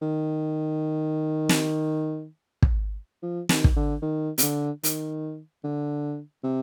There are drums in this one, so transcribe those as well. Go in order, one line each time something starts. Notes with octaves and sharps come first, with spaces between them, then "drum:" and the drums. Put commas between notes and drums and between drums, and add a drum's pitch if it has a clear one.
D#3
drum: snare
drum: kick
F3
D#3, drum: snare
drum: kick
D3
D#3
C3, drum: hi-hat
D3
D#3, drum: hi-hat
D3
C3